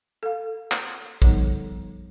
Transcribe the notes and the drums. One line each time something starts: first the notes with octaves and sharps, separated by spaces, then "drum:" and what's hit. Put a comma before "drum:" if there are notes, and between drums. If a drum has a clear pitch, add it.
A4 F5
drum: clap
D3 F3 G3 B3 D#4, drum: kick A#1